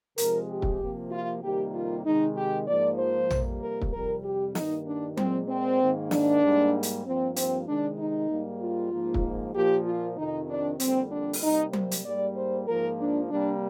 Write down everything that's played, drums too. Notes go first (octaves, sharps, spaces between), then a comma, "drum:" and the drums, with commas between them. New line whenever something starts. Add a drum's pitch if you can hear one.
C3 F3 G#3 A#4, drum: hi-hat
G4
drum: kick
C3 F3 A#3
F4
F2 C3 D#3 G3 A#3 G4
F4
C3 D#3 G#3 D#4
G4
G#2 F3 A#3 D5
C5
F2 C3 G3 A#3, drum: tom A#1
A#4
drum: kick
F2 C3 G3 A#4
G4
G2 D#3 A#3 D#4, drum: snare
D4
A#2 G#3 C4, drum: tom F#3
C4
G#2 D#3 A#3
D4, drum: snare
G#2 G3 A#3
drum: hi-hat
G2 F3 A#3 C4
C4, drum: hi-hat
C3 D#3 G#3 D4
D#4
G#2 G3 A#3
F4
G#2 F3 A#3
drum: kick
A#2 F3 A#3 G4
F4
F2 C3 D#3 D#4
D4
F2 D3 G3 A#3 C4, drum: hi-hat
D4
drum: open hi-hat
C3 G3 A#3 D#4
C5, drum: tom F#3
drum: hi-hat
G#2 G3 A#3 D5
C5
G#2 F3 A#3 A#4
D4
C3 G3 A#3 D4